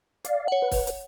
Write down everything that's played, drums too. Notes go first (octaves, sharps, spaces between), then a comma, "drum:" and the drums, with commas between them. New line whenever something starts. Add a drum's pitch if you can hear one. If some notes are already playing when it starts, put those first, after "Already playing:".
D5 F5, drum: hi-hat
C#5 F#5
B4
drum: kick, open hi-hat
drum: hi-hat